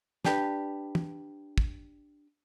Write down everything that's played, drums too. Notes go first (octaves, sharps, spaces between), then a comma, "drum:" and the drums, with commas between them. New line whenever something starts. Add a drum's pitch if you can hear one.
D4 G4 B4, drum: snare
drum: tom
drum: kick